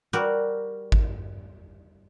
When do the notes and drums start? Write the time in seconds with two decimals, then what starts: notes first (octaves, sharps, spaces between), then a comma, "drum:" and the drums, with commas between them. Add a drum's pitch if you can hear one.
0.13 G3 F#4 A#4
0.92 drum: kick G#1